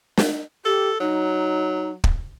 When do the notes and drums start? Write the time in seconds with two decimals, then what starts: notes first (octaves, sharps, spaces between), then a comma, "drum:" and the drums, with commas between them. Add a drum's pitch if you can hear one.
0.17 drum: snare
0.65 G4 A4
1.00 F#3 D#4
2.04 drum: kick